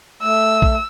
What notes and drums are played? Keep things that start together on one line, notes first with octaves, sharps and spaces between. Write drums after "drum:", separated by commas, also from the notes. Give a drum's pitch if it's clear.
A3 E6
drum: kick A#1